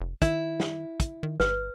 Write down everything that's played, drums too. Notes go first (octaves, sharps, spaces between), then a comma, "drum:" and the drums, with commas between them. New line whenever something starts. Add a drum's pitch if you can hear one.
F1
D#3 E4, drum: kick, hi-hat
drum: snare
drum: kick, hi-hat
D#3
G1 B4, drum: snare